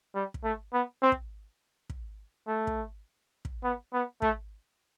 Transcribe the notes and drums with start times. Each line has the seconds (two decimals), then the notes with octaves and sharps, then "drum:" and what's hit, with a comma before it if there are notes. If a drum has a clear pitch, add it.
0.15 G3
0.34 drum: kick
0.44 A3
0.73 B3
1.02 C4
1.12 drum: kick
1.90 drum: kick
2.48 A3
2.67 drum: kick
3.45 drum: kick
3.64 B3
3.94 B3
4.22 A3, drum: kick